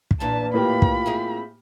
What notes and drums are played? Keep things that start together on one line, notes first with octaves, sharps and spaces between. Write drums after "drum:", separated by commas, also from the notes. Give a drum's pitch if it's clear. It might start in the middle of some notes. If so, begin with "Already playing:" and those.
drum: kick
E2 A#2 E3 D4 A5
A2 A#3 F4 G4 B5
drum: kick
C4 E4 G#4